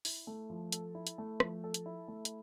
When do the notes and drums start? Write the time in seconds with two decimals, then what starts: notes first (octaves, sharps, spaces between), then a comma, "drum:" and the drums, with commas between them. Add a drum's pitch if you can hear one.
0.05 E4, drum: open hi-hat
0.27 A3
0.50 F3
0.72 A4, drum: hi-hat
0.95 E4
1.07 drum: hi-hat
1.18 A3
1.40 F3, drum: rim click
1.64 A4
1.74 drum: hi-hat
1.86 E4
2.08 A3
2.25 drum: hi-hat